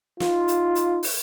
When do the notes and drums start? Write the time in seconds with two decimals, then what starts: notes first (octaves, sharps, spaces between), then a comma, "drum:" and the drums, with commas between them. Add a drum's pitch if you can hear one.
0.20 D#4 F4, drum: snare
0.48 drum: hi-hat
0.75 drum: hi-hat
1.03 drum: open hi-hat